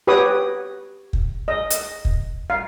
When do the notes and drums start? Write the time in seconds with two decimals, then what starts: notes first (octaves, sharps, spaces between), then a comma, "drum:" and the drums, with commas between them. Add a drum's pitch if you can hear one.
0.07 G4 B4 C#5 F#5 D#6
1.13 drum: kick
1.48 D#5
1.70 drum: hi-hat
2.05 drum: kick
2.50 F5